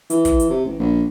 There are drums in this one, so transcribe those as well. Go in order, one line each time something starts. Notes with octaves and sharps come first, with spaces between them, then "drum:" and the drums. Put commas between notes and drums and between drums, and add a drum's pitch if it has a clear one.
E3, drum: hi-hat
drum: kick, hi-hat
drum: hi-hat
C3
A1
A#1